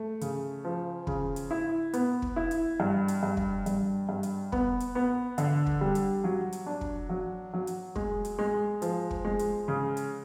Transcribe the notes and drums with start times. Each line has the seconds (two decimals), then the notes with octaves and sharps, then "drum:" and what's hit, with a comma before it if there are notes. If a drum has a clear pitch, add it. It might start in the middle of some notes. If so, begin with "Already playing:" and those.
Already playing: A3
0.21 C#3, drum: hi-hat
0.65 F3
1.07 C#3, drum: kick
1.36 drum: hi-hat
1.51 E4
1.93 B3, drum: hi-hat
2.22 drum: kick
2.36 E4
2.51 drum: hi-hat
2.80 G2
3.08 drum: hi-hat
3.23 G2
3.37 drum: kick
3.66 G2, drum: hi-hat
4.09 G2
4.23 drum: hi-hat
4.52 B3, drum: kick
4.80 drum: hi-hat
4.95 B3
5.38 D3, drum: hi-hat
5.66 drum: kick
5.81 G3
5.95 drum: hi-hat
6.24 F#3
6.52 drum: hi-hat
6.66 D4
6.81 drum: kick
7.09 F#3
7.53 F#3
7.67 drum: hi-hat
7.96 G#3, drum: kick
8.25 drum: hi-hat
8.39 G#3
8.82 F3, drum: hi-hat
9.11 drum: kick
9.25 G#3
9.39 drum: hi-hat
9.68 C#3
9.97 drum: hi-hat